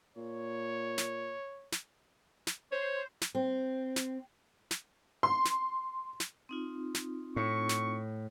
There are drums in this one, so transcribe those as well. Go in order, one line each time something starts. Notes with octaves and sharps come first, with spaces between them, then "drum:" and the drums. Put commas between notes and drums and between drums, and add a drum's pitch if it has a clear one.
A#2 C#5
drum: snare
drum: snare
drum: snare
C5 C#5
drum: snare
C4
drum: snare
drum: snare
C6
drum: snare
drum: snare
C4 D#4 F4
drum: snare
A2 C#6
drum: snare